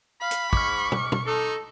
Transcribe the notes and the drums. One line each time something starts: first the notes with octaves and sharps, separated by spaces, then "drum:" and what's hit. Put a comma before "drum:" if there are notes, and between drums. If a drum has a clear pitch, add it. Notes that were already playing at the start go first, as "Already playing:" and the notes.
F5 B5
drum: hi-hat
G#2 C#6 D6 F6, drum: kick
drum: tom
drum: tom
D#4 A4